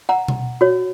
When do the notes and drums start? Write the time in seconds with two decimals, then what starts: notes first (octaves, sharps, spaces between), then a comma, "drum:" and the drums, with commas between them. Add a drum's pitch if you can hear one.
0.09 F#5 A#5
0.28 drum: tom B2
0.61 F#4 C#5